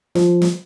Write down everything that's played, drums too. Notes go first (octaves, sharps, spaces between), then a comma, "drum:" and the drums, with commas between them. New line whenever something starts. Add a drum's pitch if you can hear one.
F3, drum: snare
drum: snare